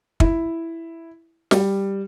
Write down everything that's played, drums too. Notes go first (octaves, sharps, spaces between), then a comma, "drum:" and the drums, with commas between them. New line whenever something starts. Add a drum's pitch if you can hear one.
E4, drum: kick
G3, drum: snare